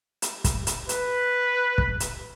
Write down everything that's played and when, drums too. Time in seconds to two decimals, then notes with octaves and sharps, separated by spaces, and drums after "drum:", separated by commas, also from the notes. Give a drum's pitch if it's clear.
0.22 drum: hi-hat
0.44 drum: kick, hi-hat
0.67 drum: hi-hat
0.89 B4, drum: hi-hat
1.78 drum: kick
2.00 drum: hi-hat